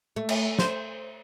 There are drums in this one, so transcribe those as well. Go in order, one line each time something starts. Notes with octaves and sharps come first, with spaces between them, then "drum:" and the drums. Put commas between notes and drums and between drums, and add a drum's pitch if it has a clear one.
A3
drum: cymbal
C5, drum: snare